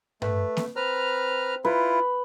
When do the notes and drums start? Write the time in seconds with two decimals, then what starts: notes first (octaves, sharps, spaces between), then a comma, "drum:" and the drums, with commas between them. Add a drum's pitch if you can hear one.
0.22 A3 B4, drum: tom G2
0.57 drum: snare A#3
0.76 C4 B4 A#5 F6
1.65 E4 F4 B4